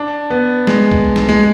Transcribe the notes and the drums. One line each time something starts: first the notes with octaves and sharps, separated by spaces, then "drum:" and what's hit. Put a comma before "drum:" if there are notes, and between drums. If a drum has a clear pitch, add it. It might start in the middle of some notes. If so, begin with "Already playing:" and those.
Already playing: D4
B3
G#3, drum: snare
drum: kick B1
drum: snare
G#3